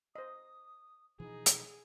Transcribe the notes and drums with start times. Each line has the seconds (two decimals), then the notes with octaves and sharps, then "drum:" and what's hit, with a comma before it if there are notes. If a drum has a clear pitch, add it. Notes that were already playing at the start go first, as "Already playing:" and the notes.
0.16 C5 D#5 D#6
1.20 B2 E3 F3 D#4 G#4
1.46 drum: hi-hat